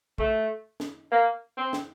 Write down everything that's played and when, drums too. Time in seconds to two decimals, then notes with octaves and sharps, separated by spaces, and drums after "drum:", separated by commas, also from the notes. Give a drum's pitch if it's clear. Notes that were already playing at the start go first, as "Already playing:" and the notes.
0.18 A3, drum: kick
0.80 drum: snare
1.11 A#3
1.58 C4
1.73 drum: snare